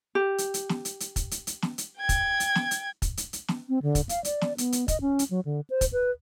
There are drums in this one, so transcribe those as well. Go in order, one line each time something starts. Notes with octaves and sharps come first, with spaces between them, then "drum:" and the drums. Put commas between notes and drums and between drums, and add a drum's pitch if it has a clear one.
G4
drum: hi-hat
drum: hi-hat
drum: snare
drum: hi-hat
drum: hi-hat
drum: kick, hi-hat
drum: hi-hat
drum: hi-hat
drum: snare
drum: hi-hat
G5 G#6
drum: kick, hi-hat
drum: hi-hat
drum: snare
drum: hi-hat
drum: kick, hi-hat
drum: hi-hat
drum: hi-hat
drum: snare
C4
D3
drum: kick, hi-hat
F5, drum: hi-hat
D5, drum: hi-hat
drum: snare
B3, drum: hi-hat
drum: hi-hat
D#5, drum: kick, hi-hat
C#4
drum: hi-hat
F#3
D3
C5
drum: kick, hi-hat
B4